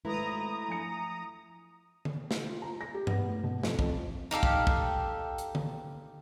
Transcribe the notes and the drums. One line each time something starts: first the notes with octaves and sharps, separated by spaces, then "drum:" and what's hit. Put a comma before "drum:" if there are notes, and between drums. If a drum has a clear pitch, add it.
G#1 A3 E4 B4 A#5 D#6
F3 G#5 C#7
drum: tom D3
drum: snare
F4
A#5
A#6
G4
B3, drum: tom G2
A2
B2
F2, drum: snare
F2, drum: kick
D#4 G4 A4 F5
drum: kick
drum: kick
drum: hi-hat
drum: tom D3